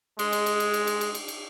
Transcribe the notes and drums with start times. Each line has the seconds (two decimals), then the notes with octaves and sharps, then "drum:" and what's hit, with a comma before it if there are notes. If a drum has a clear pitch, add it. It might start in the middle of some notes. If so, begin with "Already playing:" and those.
0.19 G#3, drum: cymbal
0.33 drum: cymbal
0.46 drum: cymbal
0.60 drum: cymbal
0.74 drum: cymbal
0.87 drum: cymbal
1.01 drum: cymbal
1.15 drum: cymbal
1.28 drum: cymbal